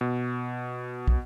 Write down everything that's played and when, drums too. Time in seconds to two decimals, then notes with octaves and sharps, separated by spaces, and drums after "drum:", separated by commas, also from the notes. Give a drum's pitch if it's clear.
0.01 B2
1.08 drum: kick